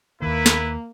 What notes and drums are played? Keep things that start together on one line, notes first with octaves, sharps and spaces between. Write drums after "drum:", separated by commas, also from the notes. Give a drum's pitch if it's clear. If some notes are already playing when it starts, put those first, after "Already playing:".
D#2 D#3 A#3 E4 B4
drum: snare